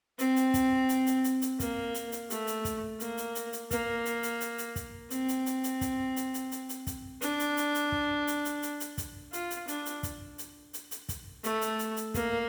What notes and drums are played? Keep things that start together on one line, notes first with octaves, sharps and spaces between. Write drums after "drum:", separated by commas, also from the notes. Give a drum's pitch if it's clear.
C4, drum: hi-hat
drum: hi-hat
drum: kick, hi-hat
drum: hi-hat
drum: hi-hat
drum: hi-hat
drum: hi-hat
A#3, drum: kick, hi-hat
drum: hi-hat
drum: hi-hat
A3, drum: hi-hat
drum: hi-hat
drum: kick, hi-hat
A#3, drum: hi-hat
drum: hi-hat
drum: hi-hat
drum: hi-hat
A#3, drum: kick, hi-hat
drum: hi-hat
drum: hi-hat
drum: hi-hat
drum: hi-hat
drum: kick, hi-hat
C4, drum: hi-hat
drum: hi-hat
drum: hi-hat
drum: hi-hat
drum: kick, hi-hat
drum: hi-hat
drum: hi-hat
drum: hi-hat
drum: hi-hat
drum: kick, hi-hat
D4, drum: hi-hat
drum: hi-hat
drum: hi-hat
drum: hi-hat
drum: kick
drum: hi-hat
drum: hi-hat
drum: hi-hat
drum: hi-hat
drum: kick, hi-hat
F4, drum: hi-hat
drum: hi-hat
D4, drum: hi-hat
drum: hi-hat
drum: kick, hi-hat
drum: hi-hat
drum: hi-hat
drum: hi-hat
drum: kick, hi-hat
A3, drum: hi-hat
drum: hi-hat
drum: hi-hat
drum: hi-hat
A#3, drum: kick, hi-hat